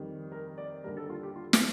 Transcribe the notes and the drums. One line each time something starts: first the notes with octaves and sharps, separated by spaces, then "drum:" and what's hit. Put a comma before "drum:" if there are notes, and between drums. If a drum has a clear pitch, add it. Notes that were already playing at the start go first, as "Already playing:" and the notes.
Already playing: F2 D#3 G3
A#4
D5
D#2 D3 G3 A#4
A4
F4
G4
F4
drum: snare